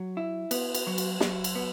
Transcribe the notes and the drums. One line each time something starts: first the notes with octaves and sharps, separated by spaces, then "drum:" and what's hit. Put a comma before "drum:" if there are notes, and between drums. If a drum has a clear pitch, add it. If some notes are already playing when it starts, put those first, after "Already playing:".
Already playing: F#3
E4
B3, drum: cymbal
drum: cymbal
F#3
drum: cymbal
F#3, drum: snare
drum: cymbal
B3